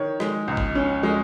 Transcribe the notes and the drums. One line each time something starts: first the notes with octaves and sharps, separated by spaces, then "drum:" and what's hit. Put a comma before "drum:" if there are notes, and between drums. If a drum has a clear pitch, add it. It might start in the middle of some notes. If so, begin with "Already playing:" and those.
Already playing: D#3 C#5
G#3, drum: rim click
C#2
drum: kick G1
C#4
G#3